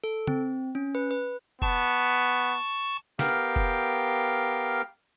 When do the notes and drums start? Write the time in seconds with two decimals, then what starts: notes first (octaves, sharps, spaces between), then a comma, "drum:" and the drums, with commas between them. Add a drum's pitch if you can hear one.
0.04 A4
0.27 C4, drum: tom
0.75 C#4
0.95 B4
1.11 B4
1.62 B3 A5 C#6, drum: kick F1
3.19 B3 G4 A#4 F5 G5, drum: snare
3.56 drum: kick F1